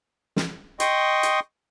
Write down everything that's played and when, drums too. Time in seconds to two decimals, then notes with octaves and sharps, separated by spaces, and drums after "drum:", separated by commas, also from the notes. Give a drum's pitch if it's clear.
0.36 drum: snare
0.80 D#5 G5 C6 C#6 D#6, drum: hi-hat
1.23 drum: hi-hat